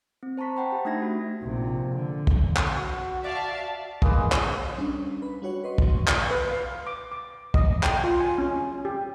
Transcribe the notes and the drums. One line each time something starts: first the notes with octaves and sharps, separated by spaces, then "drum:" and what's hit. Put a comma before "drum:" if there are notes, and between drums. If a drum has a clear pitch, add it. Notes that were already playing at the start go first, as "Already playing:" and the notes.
C4
C5 A5 A#5 C#6 B6
C5 F#5 G5 B5
G4
A3 D4 D#4 E5 G#6 A#6
F#4
A#1 C3
D3
drum: kick
drum: clap
F#4
D5 E5 F5 A5
G#3 A#3 D#4 B4, drum: kick
drum: clap
G3 C#4 D4
B4 B5
G3 D4 F#4 C#5 F#5
B4 C#5 D#5 C6 C#6
drum: kick
drum: clap
B4
F5
D6
D6
D#5, drum: kick
G5, drum: clap
F4
G#5
C#4
G4